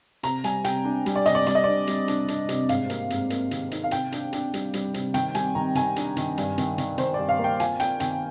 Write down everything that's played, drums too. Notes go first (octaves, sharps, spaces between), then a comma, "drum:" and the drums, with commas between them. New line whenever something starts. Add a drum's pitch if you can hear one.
C3 A#5, drum: hi-hat
G3 G#5, drum: hi-hat
C3 G5, drum: hi-hat
D4
G3, drum: hi-hat
D5
C3 D#5, drum: hi-hat
D5
G3 D5, drum: hi-hat
D#5
D4 D5
G3, drum: hi-hat
D4, drum: hi-hat
D4, drum: hi-hat
C3, drum: hi-hat
G#2 F5, drum: hi-hat
A#3, drum: hi-hat
G#2, drum: hi-hat
A#3, drum: hi-hat
D#3, drum: hi-hat
D#4, drum: hi-hat
F5
C3 G5, drum: hi-hat
D4, drum: hi-hat
D4, drum: hi-hat
G3, drum: hi-hat
G3, drum: hi-hat
C3, drum: hi-hat
D#3 G5, drum: hi-hat
G3 G#5, drum: hi-hat
D#3 A#5
D#3 G#5, drum: hi-hat
D4, drum: hi-hat
D#3, drum: hi-hat
G2, drum: hi-hat
D#3, drum: hi-hat
D#3, drum: hi-hat
D#3 C5, drum: hi-hat
G2 D5
F5
A#3
G5
F4 G#5, drum: hi-hat
F4 G5, drum: hi-hat
D#3 G5, drum: hi-hat